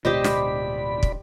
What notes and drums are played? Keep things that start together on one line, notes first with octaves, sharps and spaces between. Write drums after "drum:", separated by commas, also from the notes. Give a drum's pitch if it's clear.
D1 B2 G#3 G4 C5 D5 D#5 B5
drum: snare
drum: kick